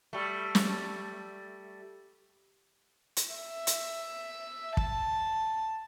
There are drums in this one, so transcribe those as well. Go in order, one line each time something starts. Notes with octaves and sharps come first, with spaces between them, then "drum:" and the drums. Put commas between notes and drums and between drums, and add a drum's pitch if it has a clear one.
G3 A3
drum: snare
drum: hi-hat
E5
drum: hi-hat
A5, drum: kick